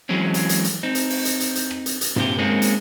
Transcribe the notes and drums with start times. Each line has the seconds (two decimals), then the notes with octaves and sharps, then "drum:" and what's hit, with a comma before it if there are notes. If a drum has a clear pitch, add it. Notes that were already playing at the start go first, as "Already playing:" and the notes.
0.09 E3 F#3 G#3 C4 C#4
0.34 drum: hi-hat
0.49 drum: hi-hat
0.64 drum: hi-hat
0.83 C4 D#4
0.95 drum: hi-hat
1.10 drum: open hi-hat
1.25 drum: hi-hat
1.40 drum: hi-hat
1.55 drum: hi-hat
1.71 drum: rim click
1.86 drum: hi-hat
2.01 drum: hi-hat
2.16 A#2 C4 G4, drum: tom G2
2.38 G#3 A#3 C4 C#4 D#4
2.62 drum: hi-hat